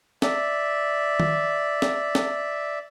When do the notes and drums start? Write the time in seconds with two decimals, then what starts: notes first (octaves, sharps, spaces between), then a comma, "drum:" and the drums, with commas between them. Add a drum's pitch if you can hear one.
0.22 D5 E5, drum: snare
1.20 drum: tom
1.82 drum: snare
2.15 drum: snare